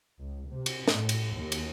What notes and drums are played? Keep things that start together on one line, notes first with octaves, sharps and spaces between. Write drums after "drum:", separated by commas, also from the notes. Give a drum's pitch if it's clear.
C#2
C3
drum: cymbal
A2, drum: snare
drum: cymbal
D#2
drum: cymbal